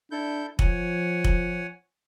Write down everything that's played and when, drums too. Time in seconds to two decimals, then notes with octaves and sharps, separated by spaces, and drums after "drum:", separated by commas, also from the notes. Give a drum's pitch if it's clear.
0.11 D4 E4 A4 G6
0.59 F3 C#5 F#5 G#5, drum: kick
1.24 drum: kick